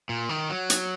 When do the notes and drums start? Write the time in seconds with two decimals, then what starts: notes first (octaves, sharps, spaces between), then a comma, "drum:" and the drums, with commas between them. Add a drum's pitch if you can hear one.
0.09 A#2
0.29 D#3
0.50 F#3
0.70 drum: hi-hat